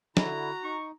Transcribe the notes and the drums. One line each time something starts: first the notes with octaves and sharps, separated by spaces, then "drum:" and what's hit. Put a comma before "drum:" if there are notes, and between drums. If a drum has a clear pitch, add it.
D3 E4 F#4 A#5, drum: snare
D#4 C#6